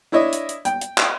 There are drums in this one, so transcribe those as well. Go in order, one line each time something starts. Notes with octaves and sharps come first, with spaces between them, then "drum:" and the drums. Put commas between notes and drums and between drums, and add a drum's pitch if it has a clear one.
D4 E4 C#5 D#5
drum: hi-hat
drum: hi-hat
G5, drum: hi-hat
drum: hi-hat
drum: clap